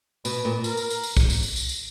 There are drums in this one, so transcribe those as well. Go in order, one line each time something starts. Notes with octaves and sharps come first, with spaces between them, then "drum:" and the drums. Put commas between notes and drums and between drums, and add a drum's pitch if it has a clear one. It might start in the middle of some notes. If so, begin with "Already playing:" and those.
B2 B4, drum: tambourine
A#2
A#4, drum: tambourine
drum: tambourine
drum: tambourine
drum: tambourine
drum: kick, tambourine
drum: tambourine
drum: tambourine
drum: tambourine
drum: tambourine